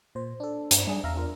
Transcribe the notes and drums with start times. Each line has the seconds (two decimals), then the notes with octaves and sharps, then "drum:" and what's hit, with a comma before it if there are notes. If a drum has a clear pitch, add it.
0.15 A#2 C5
0.40 D4 A4
0.71 G2, drum: hi-hat
0.87 G3 D4 G#4
1.04 E2 E5 F5 A#5
1.16 D4 F4 A#4